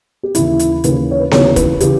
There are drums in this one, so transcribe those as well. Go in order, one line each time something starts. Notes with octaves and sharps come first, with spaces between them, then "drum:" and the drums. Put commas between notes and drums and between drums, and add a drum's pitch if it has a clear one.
G4
D#2 C#3 E3 E4, drum: hi-hat
drum: hi-hat
D#2 C#3 E3 B4, drum: hi-hat
C#5
B4
D#2 C#3 E3 C#5, drum: snare B3
B4, drum: kick, hi-hat
C#3 E3 G4, drum: hi-hat